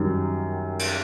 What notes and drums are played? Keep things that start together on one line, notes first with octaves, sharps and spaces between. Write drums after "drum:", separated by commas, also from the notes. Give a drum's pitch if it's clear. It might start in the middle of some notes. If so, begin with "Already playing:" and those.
Already playing: F#2 D#3 G3
drum: cymbal